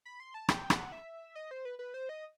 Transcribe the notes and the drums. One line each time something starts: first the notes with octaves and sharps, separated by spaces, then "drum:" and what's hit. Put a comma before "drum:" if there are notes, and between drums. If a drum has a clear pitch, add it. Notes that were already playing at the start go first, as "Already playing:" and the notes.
B5
C6
A5
G5, drum: rim click
F#5, drum: rim click
E5
D#5
C5
B4
B4
C5
D#5